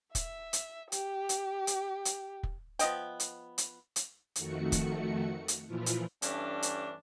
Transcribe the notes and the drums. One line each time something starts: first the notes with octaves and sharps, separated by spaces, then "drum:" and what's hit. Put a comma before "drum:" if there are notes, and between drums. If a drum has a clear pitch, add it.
E5, drum: kick, hi-hat
drum: hi-hat
G4, drum: hi-hat
drum: hi-hat
drum: hi-hat
drum: hi-hat
drum: kick
F3 B3 D#5 G5, drum: hi-hat
drum: hi-hat
drum: hi-hat
drum: hi-hat
F2 D#3 A3 F#4 C#7, drum: hi-hat
drum: kick, hi-hat
drum: hi-hat
A#2 E3 F3 E4 F4
drum: hi-hat
G2 E3 A3 C#4 D4, drum: hi-hat
drum: hi-hat